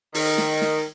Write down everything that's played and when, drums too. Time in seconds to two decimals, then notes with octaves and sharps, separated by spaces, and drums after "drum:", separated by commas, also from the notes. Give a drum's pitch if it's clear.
0.14 D#3, drum: open hi-hat
0.38 drum: snare
0.62 drum: snare